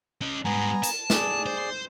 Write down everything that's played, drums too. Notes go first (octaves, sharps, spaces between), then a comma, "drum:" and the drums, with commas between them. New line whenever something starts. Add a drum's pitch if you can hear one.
C#4 D#5
G#2 G3 B3 G#5 A#5
A5, drum: hi-hat
G#4 D5, drum: snare
C5